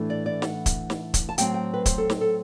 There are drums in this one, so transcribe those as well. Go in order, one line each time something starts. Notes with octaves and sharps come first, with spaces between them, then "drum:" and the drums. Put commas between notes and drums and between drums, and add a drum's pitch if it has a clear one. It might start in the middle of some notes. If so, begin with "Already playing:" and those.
Already playing: A2 E3 A3 D4
D5
D5
F#5, drum: snare
drum: kick, hi-hat
drum: snare
drum: kick, hi-hat
A5
A2 F#3 C4 G5, drum: hi-hat
G5
B4
C5, drum: kick, hi-hat
A4
drum: snare
A4